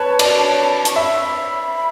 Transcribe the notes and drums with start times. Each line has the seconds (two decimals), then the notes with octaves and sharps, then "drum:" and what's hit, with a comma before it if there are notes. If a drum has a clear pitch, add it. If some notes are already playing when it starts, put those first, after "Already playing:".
Already playing: B4 C#5 A5
0.19 D5, drum: cymbal
0.85 C#6, drum: hi-hat
0.96 E5 B5